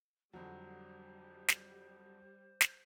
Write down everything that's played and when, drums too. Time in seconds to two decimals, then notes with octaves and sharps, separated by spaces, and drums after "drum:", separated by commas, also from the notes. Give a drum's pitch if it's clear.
0.33 F2 D3 F#3 G3 C5
1.48 drum: snare
2.61 drum: snare